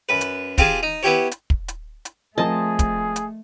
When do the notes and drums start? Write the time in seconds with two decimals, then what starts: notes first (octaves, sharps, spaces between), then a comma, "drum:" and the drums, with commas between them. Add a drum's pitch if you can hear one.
0.09 F#2 B4
0.21 drum: hi-hat
0.58 C4 F4 G4 G#4 G#5 A5, drum: kick, hi-hat
0.83 D#4
1.03 B3 E4 G4 C#5
1.31 drum: hi-hat
1.50 drum: kick
1.68 drum: hi-hat
2.05 drum: hi-hat
2.38 F3 A3 C4 G#4 A#4 D#5 A5
2.79 drum: kick, hi-hat
3.16 drum: hi-hat